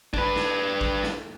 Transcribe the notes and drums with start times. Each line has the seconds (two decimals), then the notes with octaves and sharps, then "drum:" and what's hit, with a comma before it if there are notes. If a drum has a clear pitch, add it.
0.14 D4 B4, drum: kick
0.36 drum: snare
0.81 drum: kick
1.04 drum: snare